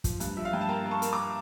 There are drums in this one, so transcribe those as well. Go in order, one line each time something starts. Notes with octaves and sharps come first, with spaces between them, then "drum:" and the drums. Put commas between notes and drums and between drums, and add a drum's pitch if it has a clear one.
F3, drum: kick, hi-hat
G2, drum: hi-hat
F3 E5
F5
G2 G5
A5
A#3 G5 A#5
A#3
A5 C#6
A#3, drum: hi-hat
A#5 D6